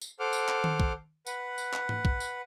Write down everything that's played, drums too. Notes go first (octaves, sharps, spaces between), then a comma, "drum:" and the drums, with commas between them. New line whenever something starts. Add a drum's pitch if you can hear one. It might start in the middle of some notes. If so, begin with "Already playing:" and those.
drum: tambourine
A4 C5 F#5 D6 F6
drum: tambourine
drum: clap
drum: tom D#3
drum: kick B1
B4 F#5, drum: tambourine
drum: tambourine
drum: clap
drum: tom G#2
drum: kick B1
drum: tambourine